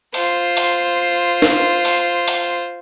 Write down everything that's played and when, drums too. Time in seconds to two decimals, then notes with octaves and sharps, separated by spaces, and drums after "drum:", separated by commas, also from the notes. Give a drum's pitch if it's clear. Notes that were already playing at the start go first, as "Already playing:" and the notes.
0.14 F4 C5, drum: open hi-hat
0.57 drum: open hi-hat
1.42 drum: snare
1.85 drum: open hi-hat
2.28 drum: open hi-hat